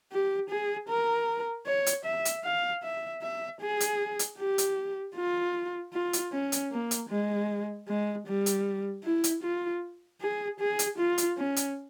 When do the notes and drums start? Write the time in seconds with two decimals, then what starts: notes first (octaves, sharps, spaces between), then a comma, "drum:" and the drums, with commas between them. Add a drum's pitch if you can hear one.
0.12 G4
0.50 G#4
0.89 A#4
1.67 C#5
1.86 drum: hi-hat
2.05 E5
2.25 drum: hi-hat
2.44 F5
2.83 E5
3.22 E5
3.61 G#4
3.80 drum: hi-hat
4.19 drum: hi-hat
4.39 G4
4.58 drum: hi-hat
5.16 F4
5.93 F4
6.13 drum: hi-hat
6.33 C#4
6.52 drum: hi-hat
6.72 A#3
6.91 drum: hi-hat
7.10 G#3
7.88 G#3
8.27 G3
8.46 drum: hi-hat
9.05 E4
9.24 drum: hi-hat
9.43 F4
10.21 G#4
10.60 G#4
10.79 drum: hi-hat
10.99 F4
11.18 drum: hi-hat
11.38 C#4
11.56 drum: hi-hat